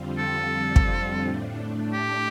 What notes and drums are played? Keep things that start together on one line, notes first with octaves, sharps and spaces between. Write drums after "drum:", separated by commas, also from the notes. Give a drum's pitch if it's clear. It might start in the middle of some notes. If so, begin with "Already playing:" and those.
Already playing: F2 D3 G3 C4 F4
A4
drum: kick
A2 A3 D4
G4